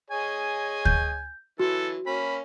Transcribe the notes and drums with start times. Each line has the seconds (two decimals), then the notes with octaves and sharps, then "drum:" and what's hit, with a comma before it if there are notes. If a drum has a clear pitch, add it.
0.11 G#4 C#5 D#5 G#5
0.85 G6, drum: kick D2
1.60 E3 F#3 F#4 A4
2.07 A#3 C#4 B5